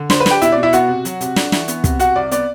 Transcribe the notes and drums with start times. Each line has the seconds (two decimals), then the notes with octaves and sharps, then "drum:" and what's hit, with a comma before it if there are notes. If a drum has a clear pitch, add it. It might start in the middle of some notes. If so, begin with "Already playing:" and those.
Already playing: D3
0.10 D4 C5 C6, drum: snare
0.20 B4 B5
0.26 D4, drum: snare
0.31 G4 G5
0.41 B2 E4 E5, drum: hi-hat
0.52 B2 D5
0.63 E4 E5
0.73 B3 F#4 F#5, drum: hi-hat
0.89 C3
1.05 F#3, drum: hi-hat
1.21 C3, drum: hi-hat
1.36 D4, drum: snare
1.52 E3, drum: snare
1.68 B3, drum: hi-hat
1.84 C3, drum: kick, hi-hat
1.99 C3 F#4 F#5, drum: hi-hat
2.16 C2 D5
2.31 B3 D5, drum: hi-hat